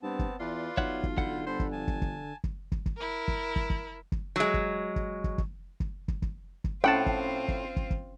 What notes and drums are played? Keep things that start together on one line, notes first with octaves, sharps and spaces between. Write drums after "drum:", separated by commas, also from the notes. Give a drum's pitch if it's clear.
G2 B3 C4 A5
drum: kick
E2 F4 B4 D5 C6
B1 C#5 E5 F#5, drum: kick
drum: kick
D3 F#5 B5 G6, drum: kick
G1 A4 C5 B5
drum: kick
F3 G#5 A5
drum: kick
drum: kick
drum: kick
drum: kick
drum: kick
E4 A#4
drum: kick
drum: kick
drum: kick
drum: kick
F#3 G#3
drum: kick
drum: kick
drum: kick
drum: kick
drum: kick
drum: kick
drum: kick
drum: kick
A2 C4 C#4 F4 F#5 G5 A5 B5
drum: kick
drum: kick
drum: kick
drum: kick